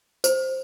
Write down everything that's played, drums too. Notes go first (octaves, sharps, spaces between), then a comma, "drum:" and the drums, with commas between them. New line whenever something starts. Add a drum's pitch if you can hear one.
C5, drum: tambourine